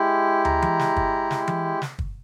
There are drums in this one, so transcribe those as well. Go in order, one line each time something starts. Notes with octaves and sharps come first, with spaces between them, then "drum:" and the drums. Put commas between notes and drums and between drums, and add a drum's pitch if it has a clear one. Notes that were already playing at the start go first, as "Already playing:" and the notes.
Already playing: G#3 E4 G4
A#5, drum: tom
drum: tom E3
drum: snare
drum: kick
drum: snare
drum: tom E3
drum: snare
drum: kick